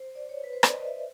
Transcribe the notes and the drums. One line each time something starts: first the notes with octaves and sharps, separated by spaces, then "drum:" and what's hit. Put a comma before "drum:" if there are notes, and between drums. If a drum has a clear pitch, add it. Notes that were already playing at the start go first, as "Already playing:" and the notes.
Already playing: C5
D5
C#5
B4
C5
D5, drum: rim click
D#5
E5